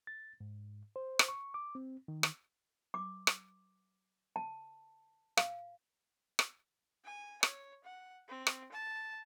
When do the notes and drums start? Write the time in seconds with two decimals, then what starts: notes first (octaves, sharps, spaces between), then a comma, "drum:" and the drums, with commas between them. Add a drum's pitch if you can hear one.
0.07 A6
0.41 G#2
0.96 C5
1.19 drum: rim click
1.28 C#6
1.54 D6
1.75 C4
2.08 D#3
2.23 drum: rim click
2.94 D6
3.27 drum: rim click
4.36 A5
5.37 F5, drum: rim click
6.39 drum: rim click
7.05 G#5
7.43 C#5, drum: rim click
7.84 F#5
8.28 C4
8.47 drum: rim click
8.73 A5